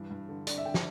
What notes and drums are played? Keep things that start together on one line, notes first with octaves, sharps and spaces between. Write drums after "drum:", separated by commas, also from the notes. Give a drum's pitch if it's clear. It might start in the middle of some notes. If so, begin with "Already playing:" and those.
Already playing: G2 E3
G2
D3
D3 D5, drum: hi-hat
E5
D3 G5
drum: snare